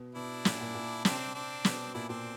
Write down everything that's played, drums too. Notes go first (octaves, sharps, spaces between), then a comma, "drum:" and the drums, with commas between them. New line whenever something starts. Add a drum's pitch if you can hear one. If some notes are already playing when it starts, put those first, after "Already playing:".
Already playing: B2
B2 D4 E4
A#2, drum: snare
A#2
A#2
C3 C4 D4, drum: snare
C4 D4
B2, drum: snare
A#2 D4 E4
A#2 C4 D4